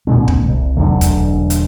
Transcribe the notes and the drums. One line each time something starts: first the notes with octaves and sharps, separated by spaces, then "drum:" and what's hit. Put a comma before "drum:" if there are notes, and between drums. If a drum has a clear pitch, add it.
A#2 D3 G#3 C4
drum: kick
C2
E1 D3 F#3 A3
drum: kick, hi-hat
drum: hi-hat